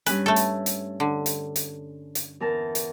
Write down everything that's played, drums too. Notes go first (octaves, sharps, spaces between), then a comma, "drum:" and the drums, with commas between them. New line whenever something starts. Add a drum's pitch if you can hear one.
G2 C#4 B4 G#5, drum: hi-hat
A3 A4
drum: hi-hat
drum: hi-hat
D3
drum: hi-hat
drum: hi-hat
drum: hi-hat
E2 A#4 A5
drum: hi-hat